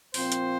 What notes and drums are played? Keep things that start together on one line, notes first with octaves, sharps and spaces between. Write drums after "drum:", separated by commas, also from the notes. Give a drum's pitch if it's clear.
A#2 F3 C4 C5, drum: open hi-hat
drum: hi-hat